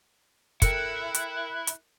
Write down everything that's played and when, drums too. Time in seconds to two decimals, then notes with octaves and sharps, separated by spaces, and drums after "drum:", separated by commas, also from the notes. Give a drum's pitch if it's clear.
0.62 E4 A4 A#4 G5 F#6 C#7, drum: kick, hi-hat
1.15 drum: hi-hat
1.67 drum: hi-hat